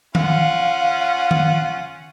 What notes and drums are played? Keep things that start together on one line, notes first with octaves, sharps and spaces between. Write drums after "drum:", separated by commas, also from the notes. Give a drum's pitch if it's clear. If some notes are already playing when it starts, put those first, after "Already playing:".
C#4 F4 F5 F#5, drum: tom D#3
drum: tom D#3